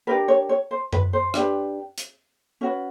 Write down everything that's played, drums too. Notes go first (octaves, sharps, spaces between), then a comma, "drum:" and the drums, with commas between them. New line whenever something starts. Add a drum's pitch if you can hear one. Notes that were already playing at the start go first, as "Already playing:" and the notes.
D4 G4 A#4 B4
C#5
C#5
C5
B4, drum: tom F#2
C5
D4 G4 B4, drum: rim click
drum: hi-hat
C#4 F#4 B4 C#5